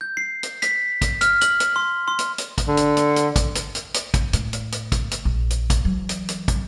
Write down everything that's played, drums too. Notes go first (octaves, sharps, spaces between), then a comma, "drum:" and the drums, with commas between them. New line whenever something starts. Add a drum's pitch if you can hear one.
G6
C7
drum: hi-hat
B6, drum: hi-hat
drum: kick, hi-hat
F6, drum: hi-hat
F#7, drum: hi-hat
drum: hi-hat
C6
C6
drum: hi-hat
drum: hi-hat
drum: kick, hi-hat
D3
drum: hi-hat
drum: hi-hat
drum: hi-hat
drum: kick, hi-hat
drum: hi-hat
drum: hi-hat
drum: hi-hat
drum: kick, hi-hat
A2, drum: hi-hat
drum: hi-hat
drum: hi-hat
drum: kick, hi-hat
drum: hi-hat
A#1
drum: hi-hat
drum: kick, hi-hat
E3 F#3
drum: hi-hat
drum: hi-hat
drum: kick, hi-hat